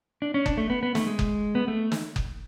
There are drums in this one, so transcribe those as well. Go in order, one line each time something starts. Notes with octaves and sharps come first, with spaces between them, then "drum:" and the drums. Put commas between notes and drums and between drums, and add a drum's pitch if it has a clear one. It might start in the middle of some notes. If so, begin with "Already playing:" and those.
D4
C#4
D4, drum: kick F#1
A3
B3
B3
A3, drum: snare
G#3
drum: kick F#1
B3
A3
drum: snare
drum: kick F#1